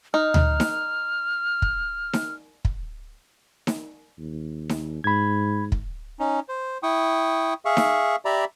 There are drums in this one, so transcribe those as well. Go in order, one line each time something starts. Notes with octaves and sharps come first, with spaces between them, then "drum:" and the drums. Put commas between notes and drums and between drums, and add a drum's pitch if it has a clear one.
D#4 F6
drum: tom D2
drum: snare D#4
drum: kick
drum: snare D#4
drum: kick
drum: snare D#4
D#2
drum: snare D#4
G#2 B5 G#6
drum: kick
C#4 D#4
C5
E4 G5 C#6 D#6
G#4 E5 F5 C#6
drum: snare D#4
G4 D5 E5 A#5 B5